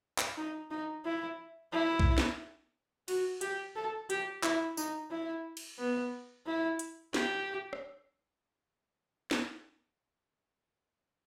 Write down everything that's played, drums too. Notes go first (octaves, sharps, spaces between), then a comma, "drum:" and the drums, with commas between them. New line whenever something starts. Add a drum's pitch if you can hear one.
drum: clap
D#4
D#4
E4
E4
drum: kick B1
drum: snare
F#4, drum: cymbal
G4, drum: hi-hat
A4
G4, drum: hi-hat
E4, drum: clap
D#4, drum: tambourine
E4
drum: cymbal
B3
E4
drum: hi-hat
G4, drum: snare
drum: rim click
drum: snare